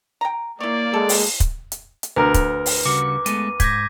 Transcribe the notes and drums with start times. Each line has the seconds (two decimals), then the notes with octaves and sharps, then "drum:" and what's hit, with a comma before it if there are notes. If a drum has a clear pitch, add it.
0.21 G5 A#5
0.60 A#3 E4 C#5 D5
0.94 G#3 A4
1.09 drum: open hi-hat
1.40 drum: kick, hi-hat
1.72 drum: hi-hat
2.03 drum: hi-hat
2.16 D2 A#4 B4
2.34 drum: kick, hi-hat
2.66 drum: open hi-hat
2.86 C#3 G3 F#4 D6
3.26 G#3 A3 B3 D#7, drum: hi-hat
3.60 G#2 D6 G6 G#6 A#6 B6, drum: kick, hi-hat